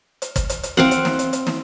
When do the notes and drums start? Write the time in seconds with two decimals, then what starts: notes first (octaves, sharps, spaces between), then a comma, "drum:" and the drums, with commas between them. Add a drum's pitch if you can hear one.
0.22 drum: hi-hat
0.36 drum: kick, hi-hat
0.50 drum: hi-hat
0.63 drum: hi-hat
0.77 C4 F5 F#5, drum: snare
0.91 drum: hi-hat
1.05 drum: snare
1.19 drum: hi-hat
1.33 drum: hi-hat
1.47 drum: snare